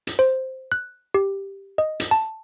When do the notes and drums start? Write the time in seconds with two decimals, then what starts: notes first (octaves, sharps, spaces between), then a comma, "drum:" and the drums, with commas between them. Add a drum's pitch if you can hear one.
0.07 drum: hi-hat
0.19 C5
0.72 F#6
1.14 G4
1.78 D#5
2.00 drum: hi-hat
2.11 A5